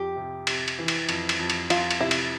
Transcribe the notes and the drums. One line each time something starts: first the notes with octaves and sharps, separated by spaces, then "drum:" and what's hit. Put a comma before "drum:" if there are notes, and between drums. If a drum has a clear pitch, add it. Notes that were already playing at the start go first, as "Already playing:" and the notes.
Already playing: F2 G4
C3
C3, drum: cymbal
drum: cymbal
E3
drum: cymbal
F2, drum: cymbal
drum: cymbal
F2
drum: cymbal
F2 F4, drum: cymbal
drum: cymbal
C3 E4
drum: cymbal